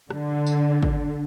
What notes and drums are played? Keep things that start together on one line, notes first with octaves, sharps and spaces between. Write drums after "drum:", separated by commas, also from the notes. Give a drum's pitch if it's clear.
D3, drum: rim click
drum: tambourine
drum: kick